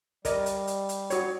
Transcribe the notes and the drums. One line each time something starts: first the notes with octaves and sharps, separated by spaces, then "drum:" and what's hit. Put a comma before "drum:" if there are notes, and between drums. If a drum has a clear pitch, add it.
G3 A#4 D5 D#5, drum: kick, hi-hat
drum: hi-hat
drum: hi-hat
drum: hi-hat
F#4 C#5, drum: hi-hat